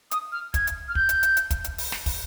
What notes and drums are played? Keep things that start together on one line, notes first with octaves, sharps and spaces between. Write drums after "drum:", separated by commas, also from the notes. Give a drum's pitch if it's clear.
D#6, drum: hi-hat
F6
G#6, drum: kick, hi-hat
drum: hi-hat
F6
G6, drum: kick
drum: hi-hat
drum: hi-hat
drum: hi-hat
drum: kick, hi-hat
drum: hi-hat
drum: open hi-hat
drum: snare
drum: kick, open hi-hat